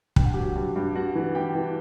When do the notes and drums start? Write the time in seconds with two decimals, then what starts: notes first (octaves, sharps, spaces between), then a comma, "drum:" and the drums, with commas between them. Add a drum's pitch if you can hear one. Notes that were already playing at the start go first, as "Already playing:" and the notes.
0.16 G2 G5, drum: kick
0.25 F#5
0.33 F#3 G4 G5
0.55 G2
0.76 G2
0.95 G2 F#4 F#5
1.15 E3
1.35 E3 G4 G5
1.55 E3